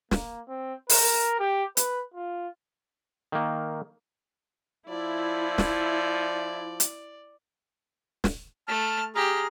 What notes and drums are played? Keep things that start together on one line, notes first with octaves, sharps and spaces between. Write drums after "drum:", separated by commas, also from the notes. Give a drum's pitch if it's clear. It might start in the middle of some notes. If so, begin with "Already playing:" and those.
A#3, drum: snare
C4
A#4, drum: open hi-hat
G4
B4, drum: hi-hat
F4
D#3 A#3
F3 E4 D5
drum: snare
drum: hi-hat
drum: snare
A3 A5 F6
G4 G#4 A#5 F6